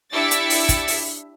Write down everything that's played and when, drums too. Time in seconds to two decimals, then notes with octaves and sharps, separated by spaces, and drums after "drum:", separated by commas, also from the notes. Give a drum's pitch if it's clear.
0.12 D4 E4 G4 E5 A6 C#7
0.31 drum: hi-hat
0.50 drum: open hi-hat
0.69 drum: kick, hi-hat
0.88 drum: open hi-hat